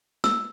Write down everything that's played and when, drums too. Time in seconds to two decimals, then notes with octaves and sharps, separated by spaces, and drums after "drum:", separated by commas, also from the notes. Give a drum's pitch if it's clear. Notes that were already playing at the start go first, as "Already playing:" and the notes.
0.24 E6, drum: snare